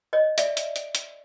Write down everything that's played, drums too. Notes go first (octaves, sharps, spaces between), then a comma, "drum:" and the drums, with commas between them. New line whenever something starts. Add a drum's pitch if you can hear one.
C#5 D#5
D5 E5, drum: hi-hat
drum: hi-hat
drum: hi-hat
drum: hi-hat